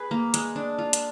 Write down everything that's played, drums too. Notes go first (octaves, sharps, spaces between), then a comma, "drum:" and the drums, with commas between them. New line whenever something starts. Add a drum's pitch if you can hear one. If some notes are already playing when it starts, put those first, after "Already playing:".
Already playing: G#4 B4
A#3
G#3, drum: hi-hat
D4
F4
drum: hi-hat